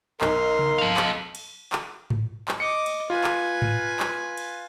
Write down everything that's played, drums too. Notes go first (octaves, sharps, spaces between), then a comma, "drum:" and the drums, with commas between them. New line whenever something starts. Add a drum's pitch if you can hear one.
B1 A#4 C6, drum: clap
drum: tom
A4 F5
drum: clap
drum: cymbal
drum: clap
drum: tom G#2
drum: clap
D#5 D6 C#7
drum: cymbal
F4 B4 G#5
drum: clap
drum: tom G#2
drum: clap
drum: cymbal